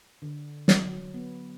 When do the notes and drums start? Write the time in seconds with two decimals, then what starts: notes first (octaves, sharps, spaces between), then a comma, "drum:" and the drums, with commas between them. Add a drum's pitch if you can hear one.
0.22 D3
0.68 drum: snare
0.77 F#3
1.14 B3